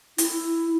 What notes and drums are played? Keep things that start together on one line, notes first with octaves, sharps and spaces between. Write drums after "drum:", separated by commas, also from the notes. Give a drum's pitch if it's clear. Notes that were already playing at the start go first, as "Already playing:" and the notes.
E4, drum: hi-hat